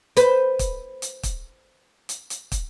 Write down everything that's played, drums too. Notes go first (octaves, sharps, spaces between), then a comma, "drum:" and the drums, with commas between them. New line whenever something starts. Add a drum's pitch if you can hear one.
B4 C5, drum: hi-hat
drum: kick, hi-hat
drum: hi-hat
drum: kick, hi-hat
drum: hi-hat
drum: hi-hat
drum: kick, hi-hat